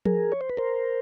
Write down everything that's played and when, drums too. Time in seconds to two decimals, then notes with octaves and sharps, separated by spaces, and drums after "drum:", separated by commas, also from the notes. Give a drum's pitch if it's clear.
0.05 G#4 A#4, drum: tom F3
0.32 C#5
0.41 C5
0.50 B4
0.57 A#4 C5